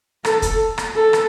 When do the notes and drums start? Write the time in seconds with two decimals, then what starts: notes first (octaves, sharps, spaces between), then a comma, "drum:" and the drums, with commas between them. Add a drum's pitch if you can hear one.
0.25 A4, drum: rim click
0.42 drum: kick, hi-hat
0.78 drum: rim click
0.95 A4
1.13 drum: rim click